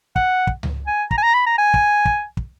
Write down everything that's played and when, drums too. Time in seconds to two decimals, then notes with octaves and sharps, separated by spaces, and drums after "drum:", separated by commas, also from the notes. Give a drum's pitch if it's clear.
0.16 F#5, drum: kick
0.47 drum: kick
0.63 drum: tom C#2
0.87 G#5
1.11 A#5, drum: kick
1.18 G#5
1.23 A#5
1.34 B5
1.46 A#5
1.58 G#5
1.74 drum: kick
2.05 drum: kick
2.37 drum: kick